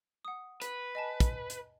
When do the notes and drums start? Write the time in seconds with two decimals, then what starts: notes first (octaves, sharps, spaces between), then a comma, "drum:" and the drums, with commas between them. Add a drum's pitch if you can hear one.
0.25 F#5 D#6
0.62 B4, drum: hi-hat
0.95 D#5 G#5 A5
1.20 drum: kick, hi-hat
1.50 drum: hi-hat